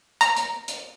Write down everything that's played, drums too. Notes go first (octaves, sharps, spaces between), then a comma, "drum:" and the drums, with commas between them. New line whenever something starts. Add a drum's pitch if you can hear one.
A#5, drum: hi-hat
drum: hi-hat
drum: hi-hat